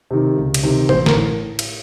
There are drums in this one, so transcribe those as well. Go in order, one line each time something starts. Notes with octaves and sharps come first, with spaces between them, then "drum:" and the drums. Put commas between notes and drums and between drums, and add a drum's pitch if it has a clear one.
C3 D#3
C#2
drum: cymbal
C3 D#3
A1 C5, drum: tom C3
A#4, drum: snare
A2
drum: cymbal